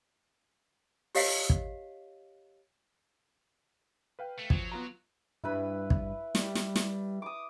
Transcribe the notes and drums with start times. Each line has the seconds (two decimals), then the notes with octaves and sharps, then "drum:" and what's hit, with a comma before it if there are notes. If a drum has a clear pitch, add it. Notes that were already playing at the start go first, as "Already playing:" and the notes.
1.15 G4 C#5 D#5 F5 B6 C7, drum: open hi-hat
1.50 drum: kick
4.19 B4 F5 G5
4.38 A3
4.50 F3 F#3, drum: kick
4.72 B3 F4 A#5
5.44 G2 E4 B4 B5
5.90 drum: kick
6.35 G3, drum: snare
6.55 drum: snare
6.76 drum: snare
7.22 D6 D#6